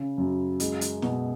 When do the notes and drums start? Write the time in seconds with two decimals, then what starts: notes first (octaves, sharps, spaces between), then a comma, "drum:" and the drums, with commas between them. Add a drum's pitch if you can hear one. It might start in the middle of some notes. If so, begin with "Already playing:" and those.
Already playing: C#3
0.18 F#2
0.60 G#3, drum: hi-hat
0.81 drum: hi-hat
1.02 B2, drum: snare